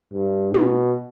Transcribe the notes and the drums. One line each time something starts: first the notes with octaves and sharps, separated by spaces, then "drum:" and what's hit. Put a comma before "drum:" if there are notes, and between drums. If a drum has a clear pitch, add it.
G2
B2, drum: tom